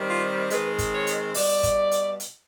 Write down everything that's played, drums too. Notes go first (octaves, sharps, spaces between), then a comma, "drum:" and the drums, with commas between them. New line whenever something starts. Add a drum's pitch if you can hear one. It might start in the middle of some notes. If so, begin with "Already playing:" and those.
Already playing: D#3 G3 C4
F4
D#3 G#3 C4 B4, drum: hi-hat
drum: kick, hi-hat
C#5
drum: hi-hat
B2 G3 D5, drum: open hi-hat
drum: kick, hi-hat
drum: hi-hat
drum: hi-hat